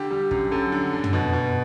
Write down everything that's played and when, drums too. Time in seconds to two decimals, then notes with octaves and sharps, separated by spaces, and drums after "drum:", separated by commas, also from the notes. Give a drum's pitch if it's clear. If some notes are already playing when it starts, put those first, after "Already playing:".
Already playing: D3 G4
0.11 G3
0.31 F#2, drum: kick
0.51 F#2 A4
0.72 D3
0.93 D3
1.04 drum: tom
1.13 B2
1.33 B2